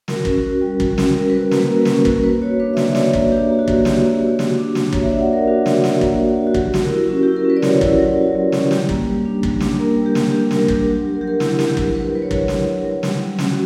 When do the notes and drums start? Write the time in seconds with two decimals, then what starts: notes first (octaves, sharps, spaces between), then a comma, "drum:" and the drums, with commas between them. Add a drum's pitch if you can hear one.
0.08 F#4 A#4, drum: snare
0.25 C#4, drum: kick
0.43 F#4
0.61 G3
0.80 F#4, drum: kick
0.98 C#4, drum: snare
1.15 G3 A#4
1.30 F#4 B4
1.43 A#4
1.51 A#3, drum: snare
1.57 B4
1.69 A#3 A#4
1.85 C#4 B4, drum: snare
1.99 A#4
2.05 F#4, drum: kick
2.23 A#3 B4
2.42 F#4 C#5
2.60 D4 B4
2.74 E5
2.77 A#3 D5, drum: snare
2.95 F#4 C#5, drum: snare
3.13 A#3 B4, drum: kick
3.31 D4 G4
3.49 A#3 G4
3.59 F#4
3.68 A#3, drum: kick
3.85 F#4 G4, drum: snare
4.03 A#3
4.21 A#3
4.39 F#4, drum: snare
4.58 D4
4.75 D4, drum: snare
4.93 A#3 C#5, drum: kick
5.02 E5
5.07 F#4 D5
5.21 F#5
5.28 F#4 A#4
5.48 D4 F#4
5.66 D4, drum: snare
5.71 F#4
5.84 F#4, drum: snare
6.01 A#3, drum: kick
6.19 F#4
6.37 F#4
6.47 F#4
6.54 F#3 G4, drum: kick
6.74 F#3, drum: snare
6.82 A#4
6.91 E4
7.08 C#4 F#4
7.23 E4 G4
7.36 A#4
7.45 C#4 B4
7.57 D5
7.62 F#3 C#5, drum: snare
7.81 E4, drum: kick
7.99 F#3
8.17 F#3
8.36 F#3
8.52 C#4, drum: snare
8.71 G3 G4, drum: snare
8.89 A#3, drum: kick
9.07 G3
9.25 D4
9.43 G3, drum: kick
9.60 D4, drum: snare
9.78 A#3 A#4
9.97 G3
10.06 G4
10.15 G3, drum: snare
10.32 D4 G4
10.51 G3 A#4, drum: snare
10.68 D4 G4, drum: kick
10.87 F#3 G4
11.05 F#3
11.14 A#4
11.21 F#3 G4
11.28 A#4
11.40 E4 G4, drum: snare
11.59 F#3, drum: snare
11.67 G4
11.77 F#3, drum: kick
11.95 F#3 B4
12.13 F#3 B4
12.22 C#5
12.31 F#3, drum: kick
12.48 F#3, drum: snare
12.66 F#3
12.85 F#3
13.03 G3, drum: snare
13.21 G3
13.39 C#4, drum: snare
13.50 F#4